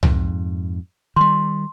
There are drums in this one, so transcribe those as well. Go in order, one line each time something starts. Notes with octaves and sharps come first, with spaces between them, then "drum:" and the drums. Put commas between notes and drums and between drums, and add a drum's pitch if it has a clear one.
F2 G#2, drum: tom C2
D#3 G3 C6